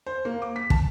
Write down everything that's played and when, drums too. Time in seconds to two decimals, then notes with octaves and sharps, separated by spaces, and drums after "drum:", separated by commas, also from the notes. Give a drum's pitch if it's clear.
0.06 C5
0.25 A#3
0.42 D6
0.56 B6
0.70 A5, drum: kick